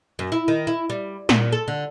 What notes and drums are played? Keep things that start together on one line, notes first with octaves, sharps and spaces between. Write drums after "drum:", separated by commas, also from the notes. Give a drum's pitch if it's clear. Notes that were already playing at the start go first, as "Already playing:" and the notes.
F#2
E4
D#3
E4
G3
A#2, drum: snare
A4
D3